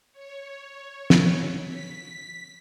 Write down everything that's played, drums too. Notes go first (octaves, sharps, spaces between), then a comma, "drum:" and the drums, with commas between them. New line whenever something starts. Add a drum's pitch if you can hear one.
C#5
drum: snare
B6